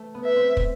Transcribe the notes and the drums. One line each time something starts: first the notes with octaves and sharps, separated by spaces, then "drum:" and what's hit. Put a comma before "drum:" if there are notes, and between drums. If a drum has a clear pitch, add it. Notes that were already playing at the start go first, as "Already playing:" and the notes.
Already playing: A3
B3
E5
C4
drum: kick